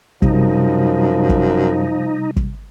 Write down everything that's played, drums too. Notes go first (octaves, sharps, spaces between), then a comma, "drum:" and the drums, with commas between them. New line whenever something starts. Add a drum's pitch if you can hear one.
F#2 C3 F3 G3 D#4, drum: kick
drum: kick
drum: kick